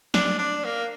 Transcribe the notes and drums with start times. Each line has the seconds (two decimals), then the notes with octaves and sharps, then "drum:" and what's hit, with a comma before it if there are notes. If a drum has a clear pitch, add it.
0.14 D4, drum: snare
0.38 D4
0.64 A#3